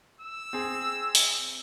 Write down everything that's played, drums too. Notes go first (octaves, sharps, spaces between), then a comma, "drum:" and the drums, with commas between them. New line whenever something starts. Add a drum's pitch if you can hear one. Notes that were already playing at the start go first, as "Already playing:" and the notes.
E6
C4 G#4
drum: open hi-hat